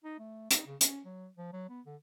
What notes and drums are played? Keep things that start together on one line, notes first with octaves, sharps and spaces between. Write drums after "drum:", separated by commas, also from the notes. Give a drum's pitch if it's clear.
D#4
A3
D#4, drum: hi-hat
C#3
C#4, drum: hi-hat
F#3
F3
F#3
B3
D3